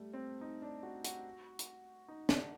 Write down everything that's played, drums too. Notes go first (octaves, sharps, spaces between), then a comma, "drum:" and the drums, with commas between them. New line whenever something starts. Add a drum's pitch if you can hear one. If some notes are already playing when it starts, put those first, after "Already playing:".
Already playing: G3 A3
C4
D#4
D4
F#4
F#4, drum: hi-hat
drum: hi-hat
D#4
D4, drum: snare